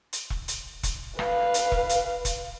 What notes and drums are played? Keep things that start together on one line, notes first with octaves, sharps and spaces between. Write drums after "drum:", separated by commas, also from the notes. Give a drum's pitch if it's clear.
drum: hi-hat
drum: kick E1
drum: hi-hat
drum: kick E1, hi-hat
B4 F5, drum: rim click
drum: hi-hat
drum: kick E1
drum: hi-hat
drum: kick E1, hi-hat